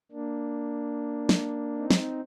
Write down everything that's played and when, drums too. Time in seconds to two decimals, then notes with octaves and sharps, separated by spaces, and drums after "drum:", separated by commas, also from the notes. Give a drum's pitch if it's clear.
0.11 A#3 D4
1.29 drum: snare
1.78 C4 D#4
1.90 drum: snare